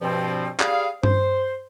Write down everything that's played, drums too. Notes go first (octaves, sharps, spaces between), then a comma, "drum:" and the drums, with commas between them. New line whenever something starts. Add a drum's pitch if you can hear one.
G2 B2 F3 C4
G3 G#4 F5, drum: clap
C5, drum: tom G2